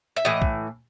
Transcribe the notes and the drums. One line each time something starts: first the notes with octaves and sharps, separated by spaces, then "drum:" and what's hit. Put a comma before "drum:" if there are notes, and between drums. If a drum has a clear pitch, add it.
E5
A2 E3 D#5
drum: kick B1